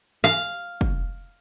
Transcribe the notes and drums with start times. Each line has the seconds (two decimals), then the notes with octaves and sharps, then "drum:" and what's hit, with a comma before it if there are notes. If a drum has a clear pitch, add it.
0.24 F5
0.81 drum: kick